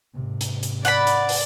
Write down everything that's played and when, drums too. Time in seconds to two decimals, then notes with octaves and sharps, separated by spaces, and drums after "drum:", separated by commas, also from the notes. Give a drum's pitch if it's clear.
0.14 G#1 C3
0.41 drum: hi-hat
0.63 drum: hi-hat
0.85 D5 F#5 G5 B5, drum: hi-hat
1.07 drum: hi-hat
1.29 drum: open hi-hat